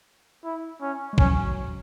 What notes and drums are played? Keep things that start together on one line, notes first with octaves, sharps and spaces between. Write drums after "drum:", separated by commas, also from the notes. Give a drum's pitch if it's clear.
E4
C#4
G#3
F#3 C#4, drum: kick